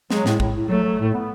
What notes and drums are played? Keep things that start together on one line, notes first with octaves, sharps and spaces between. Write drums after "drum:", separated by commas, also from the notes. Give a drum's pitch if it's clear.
F#3 G#3, drum: snare
A2, drum: snare
A2, drum: kick
A2
F#3 A3
F#3
A2
B3